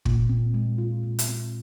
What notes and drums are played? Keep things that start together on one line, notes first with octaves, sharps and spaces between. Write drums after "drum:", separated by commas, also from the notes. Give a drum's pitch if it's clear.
A#2, drum: kick
C4
G#3
F4
A#2
drum: hi-hat
C4